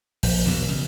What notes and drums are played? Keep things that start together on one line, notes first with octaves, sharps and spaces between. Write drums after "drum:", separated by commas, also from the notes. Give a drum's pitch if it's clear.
A#1, drum: open hi-hat
E2 B2 F#3
C#3